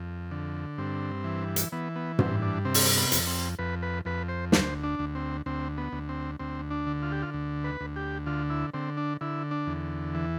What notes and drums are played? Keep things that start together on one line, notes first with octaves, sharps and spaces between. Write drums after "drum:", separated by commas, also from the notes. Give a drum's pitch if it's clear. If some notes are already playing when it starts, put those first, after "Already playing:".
Already playing: F2
D3
G2 C4
E3
drum: hi-hat
E3 B3
B3
G2 C4, drum: tom
D4
C3 C4
drum: open hi-hat
B3
F2, drum: hi-hat
C4
F2 B4
B4
F2 B4
C5
D2 C5, drum: snare
D4
D2
C4
D2 C4
B3
D2
C4
D2 C4
D4
D3
F4
G4
F4
D2
B4
D2
G4
D3 F4
E4
D3 C4
D4
D3 E4
D4
E2
E3